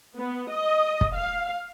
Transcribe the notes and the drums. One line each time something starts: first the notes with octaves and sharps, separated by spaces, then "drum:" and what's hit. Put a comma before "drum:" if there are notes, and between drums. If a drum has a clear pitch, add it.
B3
D#5
drum: kick
F5